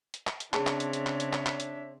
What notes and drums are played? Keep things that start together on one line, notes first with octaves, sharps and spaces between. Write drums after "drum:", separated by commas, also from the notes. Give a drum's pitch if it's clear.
drum: hi-hat
drum: clap
drum: hi-hat
C#3 C4 D4 G#4 C#5 E5 A5, drum: clap
drum: clap
drum: hi-hat
drum: hi-hat
drum: clap
drum: hi-hat
drum: clap
drum: clap
drum: hi-hat